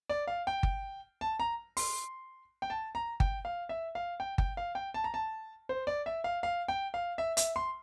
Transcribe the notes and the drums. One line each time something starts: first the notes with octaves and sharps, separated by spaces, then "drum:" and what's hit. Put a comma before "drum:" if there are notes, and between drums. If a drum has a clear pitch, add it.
D5
F5
G5
drum: kick G1
A5
A#5
C6, drum: open hi-hat
G5
A5
A#5
G5, drum: kick G1
F5
E5
F5
G5
G5, drum: kick G1
F5
G5
A5
A#5
A5
C5
D5
E5
F5
F5
G5
F5
E5
E5, drum: hi-hat
C6